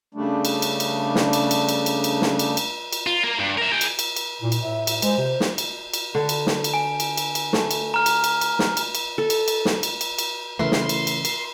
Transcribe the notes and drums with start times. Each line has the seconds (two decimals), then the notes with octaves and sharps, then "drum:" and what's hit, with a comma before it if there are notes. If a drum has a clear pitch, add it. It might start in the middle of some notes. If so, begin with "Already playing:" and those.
0.15 C#3 G3 A3 D4
0.45 drum: cymbal
0.62 drum: cymbal
0.80 drum: cymbal
1.15 drum: snare
1.33 drum: cymbal
1.51 drum: cymbal
1.69 drum: cymbal
1.86 drum: cymbal
2.04 drum: cymbal
2.22 drum: snare
2.39 drum: cymbal
2.57 drum: cymbal
2.93 drum: cymbal
3.07 F4
3.23 A#3 A#4
3.39 G2
3.58 A#4 E5
3.72 G#4 G5
3.81 drum: cymbal
3.99 drum: cymbal
4.16 drum: cymbal
4.41 A#2 E4
4.52 drum: cymbal
4.61 A2 E5
4.87 drum: cymbal
5.02 G#3 C5, drum: cymbal
5.18 C3
5.40 drum: snare
5.58 drum: cymbal
5.94 drum: cymbal
6.15 D3
6.29 drum: cymbal
6.47 drum: snare
6.64 drum: cymbal
6.74 G#5
7.00 drum: cymbal
7.17 drum: cymbal
7.35 drum: cymbal
7.53 A3, drum: snare
7.71 drum: cymbal
7.94 A#5 F6
8.06 drum: cymbal
8.24 drum: cymbal
8.41 drum: cymbal
8.59 drum: snare
8.77 drum: cymbal
8.95 drum: cymbal
9.18 A4
9.30 drum: cymbal
9.48 drum: cymbal
9.65 drum: snare
9.83 drum: cymbal
10.01 drum: cymbal
10.18 drum: cymbal
10.59 A2 C#3 E3 A3 E4 A#4 B4 C6
10.72 drum: snare
10.89 drum: cymbal
11.07 drum: cymbal
11.25 drum: cymbal